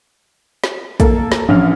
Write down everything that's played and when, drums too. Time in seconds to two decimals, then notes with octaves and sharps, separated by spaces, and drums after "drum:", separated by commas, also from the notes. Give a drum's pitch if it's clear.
0.64 drum: snare
1.00 A#3 A4, drum: kick, hi-hat
1.32 drum: snare
1.49 A1 F3 C#4 D4 F6